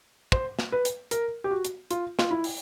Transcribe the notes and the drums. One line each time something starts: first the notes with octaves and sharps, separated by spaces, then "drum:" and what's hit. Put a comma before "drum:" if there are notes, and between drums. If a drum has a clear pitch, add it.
C5, drum: kick
drum: snare
B4
drum: hi-hat
A#4, drum: hi-hat
G4
F#4
drum: hi-hat
F4, drum: hi-hat
F4, drum: snare
E4
drum: open hi-hat